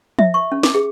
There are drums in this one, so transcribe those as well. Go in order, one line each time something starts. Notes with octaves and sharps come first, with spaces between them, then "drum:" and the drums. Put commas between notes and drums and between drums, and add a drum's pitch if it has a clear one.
E5, drum: tom F3
C#6
C#4
D6, drum: snare
G#4